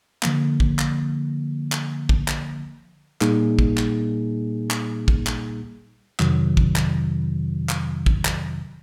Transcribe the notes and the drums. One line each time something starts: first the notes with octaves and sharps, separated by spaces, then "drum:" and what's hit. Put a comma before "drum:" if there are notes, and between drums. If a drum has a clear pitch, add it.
D3 F3 A#3, drum: clap
drum: kick
drum: clap
drum: clap
drum: kick
drum: clap
A#2 G3 A#3 D#4 G#4, drum: clap
drum: kick
drum: clap
drum: clap
drum: kick
drum: clap
F2 C3 D#3 F#3, drum: clap
drum: kick
drum: clap
drum: clap
drum: kick
drum: clap